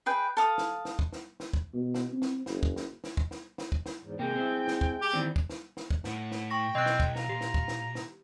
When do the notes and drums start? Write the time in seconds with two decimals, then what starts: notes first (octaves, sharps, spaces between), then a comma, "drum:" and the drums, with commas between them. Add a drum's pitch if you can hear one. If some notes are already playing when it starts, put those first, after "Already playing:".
0.06 G#4 B4 G5
0.37 A4 F5 D#6
0.58 drum: snare
0.85 drum: snare
0.99 drum: kick
1.13 drum: snare
1.40 drum: snare
1.53 drum: kick
1.74 B2
1.94 drum: snare
2.13 C4
2.22 drum: snare
2.46 F#1, drum: snare
2.63 drum: kick
2.76 drum: snare
3.04 drum: snare
3.17 drum: kick
3.31 drum: snare
3.58 drum: snare
3.72 drum: kick
3.86 drum: snare
4.00 E2 G#2
4.19 C3 G#3 A#3 G5
4.36 C4 E4
4.68 drum: snare
4.81 drum: kick
5.01 G4
5.13 D#3 E3 C4 D5
5.36 drum: kick
5.50 drum: snare
5.77 drum: snare
5.90 drum: kick
6.04 A2 A3 F#5, drum: snare
6.31 drum: snare
6.50 G5 C#6 A#6
6.75 B1 C4 D#5 F#6
6.86 drum: snare
7.00 drum: kick
7.16 F5 A#5, drum: snare
7.29 A#2 G4
7.41 drum: snare
7.54 drum: kick
7.68 drum: snare
7.95 drum: snare